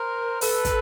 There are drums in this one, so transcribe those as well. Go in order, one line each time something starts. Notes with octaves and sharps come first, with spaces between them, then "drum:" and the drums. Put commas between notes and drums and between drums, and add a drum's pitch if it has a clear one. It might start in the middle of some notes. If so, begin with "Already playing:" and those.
Already playing: A#4 C5
A4 B4, drum: open hi-hat
drum: kick, hi-hat